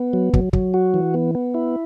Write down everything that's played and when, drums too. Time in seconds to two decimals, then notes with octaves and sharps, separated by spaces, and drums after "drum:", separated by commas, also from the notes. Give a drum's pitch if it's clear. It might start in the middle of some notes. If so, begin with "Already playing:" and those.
Already playing: B3
0.13 F#3
0.34 F#3, drum: kick
0.53 F#3, drum: kick
0.74 F#4
0.94 E3
1.14 B3
1.35 B3
1.54 E4